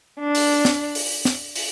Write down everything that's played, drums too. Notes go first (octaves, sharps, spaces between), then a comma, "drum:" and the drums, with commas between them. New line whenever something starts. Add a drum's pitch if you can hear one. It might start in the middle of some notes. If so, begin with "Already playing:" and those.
D4
drum: open hi-hat
drum: snare
drum: open hi-hat
drum: snare
drum: open hi-hat